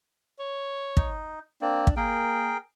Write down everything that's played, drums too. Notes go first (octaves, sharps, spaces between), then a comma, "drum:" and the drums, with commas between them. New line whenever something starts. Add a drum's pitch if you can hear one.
C#5
D#4, drum: kick
A#3 C4 D4
drum: kick
A#3 G#4 A#4 G5